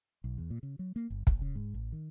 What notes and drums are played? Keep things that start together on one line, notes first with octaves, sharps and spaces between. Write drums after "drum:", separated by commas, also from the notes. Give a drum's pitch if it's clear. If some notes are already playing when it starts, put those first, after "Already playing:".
B1
E2
A#2
C#3
F#3
A#3
G1
A#1, drum: kick
C#3
G#2
A1
D#3